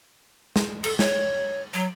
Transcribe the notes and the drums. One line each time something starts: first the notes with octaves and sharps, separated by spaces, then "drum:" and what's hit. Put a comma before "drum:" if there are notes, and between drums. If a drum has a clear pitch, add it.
drum: snare
A4, drum: cymbal
C#5, drum: snare
F#3